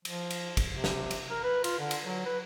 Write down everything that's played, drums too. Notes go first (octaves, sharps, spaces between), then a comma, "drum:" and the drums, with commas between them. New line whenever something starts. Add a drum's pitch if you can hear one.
F3, drum: cymbal
drum: cymbal
drum: kick, cymbal
C3
drum: snare
drum: cymbal
A#4
B4
F4, drum: cymbal
D3
drum: cymbal
F#3
B4